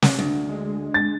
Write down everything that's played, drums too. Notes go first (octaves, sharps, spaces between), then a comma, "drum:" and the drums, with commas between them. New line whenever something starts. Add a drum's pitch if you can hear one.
drum: snare
D2
G#3
A6